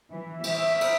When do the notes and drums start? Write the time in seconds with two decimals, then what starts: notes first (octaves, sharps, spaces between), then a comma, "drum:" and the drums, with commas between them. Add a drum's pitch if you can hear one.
0.11 E3
0.44 E5, drum: cymbal
0.81 drum: cymbal